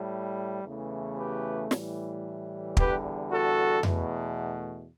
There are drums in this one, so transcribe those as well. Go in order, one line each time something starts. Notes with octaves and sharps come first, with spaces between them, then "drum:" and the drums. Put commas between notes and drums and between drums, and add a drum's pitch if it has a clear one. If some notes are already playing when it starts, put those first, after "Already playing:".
Already playing: A2 G3
E2 C#3 E3 A3
G4 B4
A2 E3 G3, drum: snare
E2 D3 G3 G4 B4, drum: kick
F#4 A4
E2 B2 A3, drum: tom F2